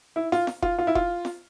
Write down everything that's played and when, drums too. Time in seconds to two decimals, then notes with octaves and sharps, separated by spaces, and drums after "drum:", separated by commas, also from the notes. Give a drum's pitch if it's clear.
0.16 E4
0.32 F4, drum: snare
0.47 drum: snare
0.62 F4, drum: kick F1
0.79 F4
0.87 E4
0.95 F4, drum: kick F1
1.25 drum: snare